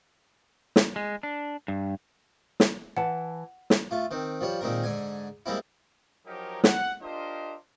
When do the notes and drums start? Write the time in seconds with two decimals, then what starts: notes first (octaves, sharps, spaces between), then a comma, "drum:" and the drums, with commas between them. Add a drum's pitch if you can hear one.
0.76 drum: snare
0.96 G#3
1.23 D4
1.68 G2
2.60 drum: snare
2.97 E3 F#5 A5
3.70 drum: snare
3.91 A3 F4
4.11 D#3 C4
4.41 F3 G3 C#5
4.61 A#2 D#3 G#3 C4 A#4
4.84 G#2 D3 G#5
5.46 G3 G#3 A#3 C4 E4
6.26 F3 F#3 C#4 D#4 G4 A#4
6.64 F#5, drum: snare
7.03 D4 F4 G4 A#4 C5 D#5